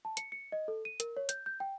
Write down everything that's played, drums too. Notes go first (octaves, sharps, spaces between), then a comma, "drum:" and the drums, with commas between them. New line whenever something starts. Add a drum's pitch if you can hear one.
A5
C#7, drum: hi-hat
C#7
D#5
A4
D#7
A#4, drum: hi-hat
C#5
G6, drum: hi-hat
G6
G5